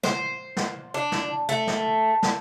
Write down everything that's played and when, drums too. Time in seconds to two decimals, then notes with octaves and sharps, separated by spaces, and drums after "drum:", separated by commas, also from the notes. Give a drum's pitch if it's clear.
0.03 C5, drum: snare
0.57 drum: snare
0.94 D4
1.12 drum: snare
1.49 A3
1.67 drum: snare
2.23 drum: snare